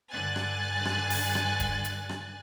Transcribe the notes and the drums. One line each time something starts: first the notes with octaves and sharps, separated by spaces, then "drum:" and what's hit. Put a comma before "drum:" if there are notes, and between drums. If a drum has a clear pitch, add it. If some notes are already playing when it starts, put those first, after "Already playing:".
G2 D3 G#5 F#6 A6
drum: rim click
drum: rim click
drum: open hi-hat
drum: rim click
drum: kick D#1, hi-hat
drum: hi-hat
drum: rim click